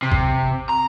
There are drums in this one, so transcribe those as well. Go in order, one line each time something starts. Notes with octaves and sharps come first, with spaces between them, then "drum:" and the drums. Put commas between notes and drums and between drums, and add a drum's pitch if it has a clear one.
C3
drum: kick G1
A#5